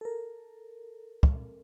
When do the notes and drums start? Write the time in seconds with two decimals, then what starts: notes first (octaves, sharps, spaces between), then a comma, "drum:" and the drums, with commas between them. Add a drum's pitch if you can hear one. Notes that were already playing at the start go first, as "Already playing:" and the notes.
0.01 A4 A#4
1.23 drum: kick